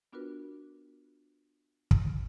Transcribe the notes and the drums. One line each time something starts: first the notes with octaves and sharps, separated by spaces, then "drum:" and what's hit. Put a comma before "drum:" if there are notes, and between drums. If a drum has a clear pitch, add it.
B3 D4 F4 F#4 A#4 B4
drum: kick